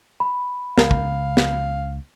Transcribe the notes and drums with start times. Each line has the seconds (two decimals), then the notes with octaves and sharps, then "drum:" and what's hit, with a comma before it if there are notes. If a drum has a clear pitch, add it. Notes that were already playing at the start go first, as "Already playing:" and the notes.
0.20 B5
0.78 C#2 C#3 A#4 F5, drum: snare
0.91 drum: kick
1.37 drum: snare